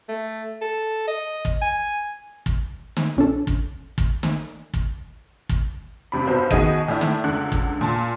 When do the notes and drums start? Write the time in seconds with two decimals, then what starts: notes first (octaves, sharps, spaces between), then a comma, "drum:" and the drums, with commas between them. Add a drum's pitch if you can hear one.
0.09 A3
0.61 A4
1.08 D#5
1.45 drum: kick
1.62 G#5
2.46 drum: kick
2.97 drum: snare
3.17 B1 C#4 D4 A4
3.47 drum: kick
3.98 drum: kick
4.23 drum: snare
4.74 drum: kick
5.49 drum: kick
6.12 G2 C3 B5
6.27 B1 F#3 B3 C5 B5
6.51 B2 D#3 F#4 G#4 D#5 D#7, drum: kick
6.88 A2 D4 E4
7.01 drum: snare
7.24 C#2 D3 F#6
7.52 drum: kick
7.81 A#2 A5